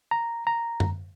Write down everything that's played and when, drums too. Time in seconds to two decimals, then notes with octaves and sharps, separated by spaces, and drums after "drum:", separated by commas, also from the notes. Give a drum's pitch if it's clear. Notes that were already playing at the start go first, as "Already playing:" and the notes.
0.11 A#5
0.47 A#5
0.80 drum: tom F#2